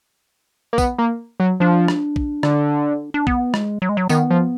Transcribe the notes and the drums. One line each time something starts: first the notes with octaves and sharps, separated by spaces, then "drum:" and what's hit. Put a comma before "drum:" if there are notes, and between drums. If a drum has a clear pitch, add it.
A#3
B3, drum: kick, tambourine
A#3
F#3
F3 D4
drum: rim click
drum: kick
D3, drum: rim click
D4
B3, drum: kick
G#3, drum: rim click
F#3
G#3
F#3
D#3 B3, drum: tambourine
F3